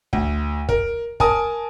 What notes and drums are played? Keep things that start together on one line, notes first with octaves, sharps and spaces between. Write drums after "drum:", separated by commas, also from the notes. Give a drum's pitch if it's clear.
D2, drum: kick
A#4, drum: kick
A#4 G#5 A5 D#6, drum: kick